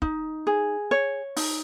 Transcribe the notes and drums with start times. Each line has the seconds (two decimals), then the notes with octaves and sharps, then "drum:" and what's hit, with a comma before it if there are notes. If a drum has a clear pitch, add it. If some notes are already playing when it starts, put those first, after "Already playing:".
0.02 D#4, drum: kick
0.47 G#4
0.91 C#5
1.36 D#4, drum: open hi-hat